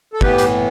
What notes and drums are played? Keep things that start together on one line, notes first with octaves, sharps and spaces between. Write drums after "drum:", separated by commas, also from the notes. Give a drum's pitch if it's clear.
A4
A2 E3 B3 G4 B4, drum: kick
drum: hi-hat